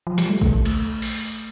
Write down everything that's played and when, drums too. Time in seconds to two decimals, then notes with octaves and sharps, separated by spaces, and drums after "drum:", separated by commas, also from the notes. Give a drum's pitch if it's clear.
0.07 F3
0.18 G3, drum: hi-hat
0.29 A3
0.41 A3, drum: kick A#1
0.65 drum: cymbal
1.02 drum: open hi-hat